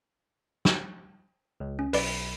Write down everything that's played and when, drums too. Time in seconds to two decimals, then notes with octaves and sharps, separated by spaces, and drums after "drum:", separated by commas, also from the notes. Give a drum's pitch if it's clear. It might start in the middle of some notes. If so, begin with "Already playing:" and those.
0.65 drum: snare
1.60 C#2
1.79 C#4
1.93 B1 B4 D5 B5, drum: open hi-hat